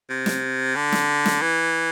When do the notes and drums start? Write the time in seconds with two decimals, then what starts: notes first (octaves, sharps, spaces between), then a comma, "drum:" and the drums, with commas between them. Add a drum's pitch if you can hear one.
0.10 C3
0.26 drum: snare
0.76 D3
0.92 drum: snare
1.26 drum: snare
1.42 E3